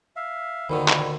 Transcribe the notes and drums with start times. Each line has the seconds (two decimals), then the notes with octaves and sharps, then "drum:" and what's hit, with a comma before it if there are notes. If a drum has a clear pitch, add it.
0.16 E5 F5
0.70 D2 A#2 D3 D#3 E4
0.88 drum: clap